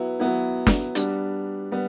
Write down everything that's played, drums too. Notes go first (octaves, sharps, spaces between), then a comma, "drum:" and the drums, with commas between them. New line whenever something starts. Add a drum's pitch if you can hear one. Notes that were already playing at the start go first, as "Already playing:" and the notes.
Already playing: F#3 B3 E4
F#3 B3 E4
drum: snare
G3 B3 D4, drum: hi-hat
G3 B3